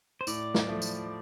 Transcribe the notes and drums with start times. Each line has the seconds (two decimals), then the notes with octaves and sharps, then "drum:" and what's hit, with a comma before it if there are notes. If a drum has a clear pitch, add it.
0.21 C5
0.27 A2 D5, drum: tambourine
0.54 drum: snare
0.68 F3 A3
0.82 drum: tambourine